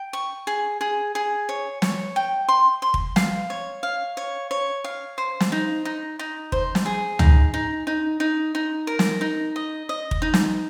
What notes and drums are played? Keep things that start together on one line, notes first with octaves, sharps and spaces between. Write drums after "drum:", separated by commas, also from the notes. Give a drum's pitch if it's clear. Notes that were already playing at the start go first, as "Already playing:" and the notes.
Already playing: G5
C#6
G#4
G#4
G#4
C#5
C#5, drum: snare
G5
C6
C6
drum: kick
F5, drum: snare
C#5
F5
C#5
C#5
F5
C5
drum: snare
D#4
D#4
D#4
C5, drum: kick
drum: snare
G#4
D#4, drum: tom
D#4
D#4
D#4
D#4
A#4
drum: snare
D#4
D#5
D#5
drum: kick
D#4
drum: snare